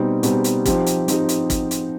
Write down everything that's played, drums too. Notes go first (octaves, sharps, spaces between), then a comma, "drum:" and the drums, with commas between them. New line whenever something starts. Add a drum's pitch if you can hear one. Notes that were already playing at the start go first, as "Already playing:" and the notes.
Already playing: B2 G3 C4 D#4
B2 G3 C4 D#4, drum: hi-hat
drum: hi-hat
F3 C4 D#4 G4, drum: kick, hi-hat
drum: hi-hat
F3 C4 D#4 G4, drum: hi-hat
drum: hi-hat
drum: kick, hi-hat
drum: hi-hat